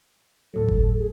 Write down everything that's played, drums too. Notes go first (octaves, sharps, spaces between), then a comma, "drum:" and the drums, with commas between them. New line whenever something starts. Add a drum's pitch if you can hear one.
D2 A2 F#3 A4
drum: kick G1
G#4